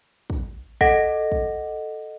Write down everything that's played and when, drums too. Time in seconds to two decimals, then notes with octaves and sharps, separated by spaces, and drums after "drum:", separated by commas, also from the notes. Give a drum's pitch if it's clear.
0.30 drum: kick
0.81 A4 D#5 F#5 A#6, drum: kick
1.32 drum: kick